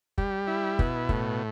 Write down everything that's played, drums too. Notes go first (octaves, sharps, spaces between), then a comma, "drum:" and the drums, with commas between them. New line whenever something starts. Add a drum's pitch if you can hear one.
G3, drum: kick
E4
B2, drum: kick
A2, drum: kick